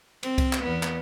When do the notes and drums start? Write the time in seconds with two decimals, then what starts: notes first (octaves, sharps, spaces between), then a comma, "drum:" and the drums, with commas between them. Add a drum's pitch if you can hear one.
0.23 C4, drum: cymbal
0.38 drum: kick C2, cymbal
0.53 drum: clap
0.63 E2 B3
0.83 drum: clap